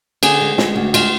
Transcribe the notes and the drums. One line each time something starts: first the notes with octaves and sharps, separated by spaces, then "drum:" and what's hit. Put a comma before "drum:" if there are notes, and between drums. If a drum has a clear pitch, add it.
D3 G#4, drum: cymbal
G#3
G#3, drum: snare
D2
G#3 F4, drum: cymbal